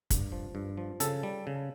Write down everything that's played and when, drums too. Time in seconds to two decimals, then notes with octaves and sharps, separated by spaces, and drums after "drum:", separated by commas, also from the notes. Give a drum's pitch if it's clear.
0.10 G2, drum: kick, hi-hat
0.32 F3
0.55 G2
0.77 F3
1.00 C#3 A4, drum: hi-hat
1.23 G3
1.47 C#3